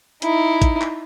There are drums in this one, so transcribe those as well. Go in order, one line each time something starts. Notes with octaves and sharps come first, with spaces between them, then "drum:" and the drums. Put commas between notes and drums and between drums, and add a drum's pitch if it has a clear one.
D#4 E4, drum: hi-hat
drum: kick A1, hi-hat
drum: clap